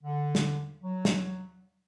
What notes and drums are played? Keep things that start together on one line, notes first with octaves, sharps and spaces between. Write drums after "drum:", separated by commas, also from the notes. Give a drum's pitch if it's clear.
D3
drum: snare
F#3
drum: snare